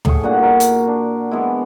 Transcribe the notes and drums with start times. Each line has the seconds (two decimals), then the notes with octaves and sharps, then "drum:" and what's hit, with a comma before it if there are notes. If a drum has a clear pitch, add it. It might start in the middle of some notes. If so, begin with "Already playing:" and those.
0.05 A2 G#4 C#6, drum: tom
0.23 G2 A#2 F#5
0.39 F#4 A#4
0.60 drum: hi-hat
0.87 D4
1.31 E3 G#3 B3 E4